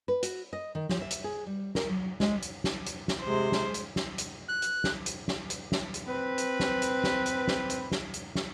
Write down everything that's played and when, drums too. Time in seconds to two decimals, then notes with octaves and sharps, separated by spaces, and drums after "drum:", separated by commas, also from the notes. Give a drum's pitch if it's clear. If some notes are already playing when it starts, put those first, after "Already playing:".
0.08 B4
0.23 F#4, drum: hi-hat
0.53 D#5
0.75 D#3
0.89 F3, drum: snare
1.01 E5
1.10 drum: hi-hat
1.24 G#4
1.47 G3
1.75 A#4, drum: snare
1.89 F#3
2.20 G#3, drum: snare
2.42 drum: hi-hat
2.64 drum: snare
2.86 drum: hi-hat
3.08 drum: snare
3.21 C3 G#3 C5
3.52 drum: snare
3.74 drum: hi-hat
3.96 drum: snare
4.18 drum: hi-hat
4.49 F#6
4.62 drum: hi-hat
4.84 drum: snare
5.06 drum: hi-hat
5.28 drum: snare
5.50 drum: hi-hat
5.72 drum: snare
5.94 drum: hi-hat
6.08 C4 B4
6.38 drum: hi-hat
6.60 drum: snare
6.82 drum: hi-hat
7.04 drum: snare
7.26 drum: hi-hat
7.48 drum: snare
7.70 drum: hi-hat
7.92 drum: snare
8.13 drum: hi-hat
8.35 drum: snare